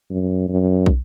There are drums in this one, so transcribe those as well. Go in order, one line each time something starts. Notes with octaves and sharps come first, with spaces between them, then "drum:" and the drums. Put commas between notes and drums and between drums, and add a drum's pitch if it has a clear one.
F#2
F#2
drum: kick